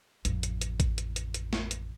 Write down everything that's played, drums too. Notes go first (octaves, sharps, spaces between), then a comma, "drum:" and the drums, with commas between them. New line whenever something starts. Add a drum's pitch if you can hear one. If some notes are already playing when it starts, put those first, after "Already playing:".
A1 F2, drum: hi-hat
drum: hi-hat
drum: hi-hat
drum: kick A1, hi-hat
drum: hi-hat
drum: hi-hat
drum: hi-hat
drum: snare A3
drum: hi-hat